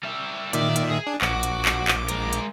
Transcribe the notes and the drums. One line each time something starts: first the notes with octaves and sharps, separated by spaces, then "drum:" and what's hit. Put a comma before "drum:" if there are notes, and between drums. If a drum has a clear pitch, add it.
G3 E5
A#2 D#3 D5 E5, drum: hi-hat
drum: hi-hat
G#4
D4
A#1 F#4 D6, drum: clap
drum: hi-hat
drum: clap
drum: clap
G#3 A#4, drum: hi-hat
drum: hi-hat